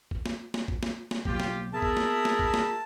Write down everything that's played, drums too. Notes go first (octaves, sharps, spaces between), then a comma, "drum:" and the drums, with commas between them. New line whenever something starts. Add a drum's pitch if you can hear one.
drum: kick
drum: snare
drum: snare
drum: kick
drum: snare
drum: snare
B2 F#3 A#3 F4 G4, drum: kick
drum: snare
B3 G#4 A#4 E5 A5 B5
drum: kick
drum: snare
drum: snare
drum: kick
drum: snare